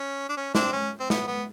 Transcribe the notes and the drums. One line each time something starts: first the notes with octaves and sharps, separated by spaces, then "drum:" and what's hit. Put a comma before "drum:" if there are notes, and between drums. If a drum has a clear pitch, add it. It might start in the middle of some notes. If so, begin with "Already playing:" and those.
Already playing: C#4
D4
C#4
C4 D4, drum: snare
C#4
C4
B3, drum: snare
B3